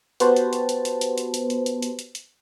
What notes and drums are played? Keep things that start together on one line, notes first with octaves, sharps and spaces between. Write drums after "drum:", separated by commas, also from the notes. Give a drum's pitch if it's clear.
B3 F#4 G4 B4 C5 A5, drum: hi-hat
drum: hi-hat
drum: hi-hat
drum: hi-hat
drum: hi-hat
drum: hi-hat
drum: hi-hat
drum: hi-hat
drum: hi-hat
drum: hi-hat
drum: hi-hat
drum: hi-hat
drum: hi-hat